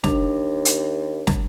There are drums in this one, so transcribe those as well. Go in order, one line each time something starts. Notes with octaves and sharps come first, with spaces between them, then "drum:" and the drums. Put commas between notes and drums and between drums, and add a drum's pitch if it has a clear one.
D#2 D4, drum: snare
drum: hi-hat
drum: snare